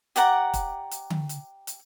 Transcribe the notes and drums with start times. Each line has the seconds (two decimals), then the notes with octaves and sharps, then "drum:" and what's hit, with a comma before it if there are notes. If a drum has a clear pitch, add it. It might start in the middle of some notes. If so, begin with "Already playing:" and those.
0.16 G4 D5 F#5 A#5, drum: hi-hat
0.54 drum: kick, hi-hat
0.91 drum: hi-hat
1.10 drum: tom D3
1.29 drum: hi-hat
1.67 drum: hi-hat